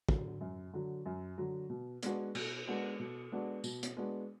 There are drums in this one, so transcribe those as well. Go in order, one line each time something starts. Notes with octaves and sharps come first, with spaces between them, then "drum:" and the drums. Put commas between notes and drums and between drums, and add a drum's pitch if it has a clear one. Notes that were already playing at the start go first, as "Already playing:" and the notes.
D3 F#3, drum: kick
F#2
D3 F#3
F#2
D3 F#3
B2
G#3 B3 D4 F#4, drum: hi-hat
B2, drum: cymbal
G#3 B3 D4 F#4
B2
G#3 B3 D4 F#4
B2, drum: tambourine
drum: hi-hat
G#3 B3 D4 F#4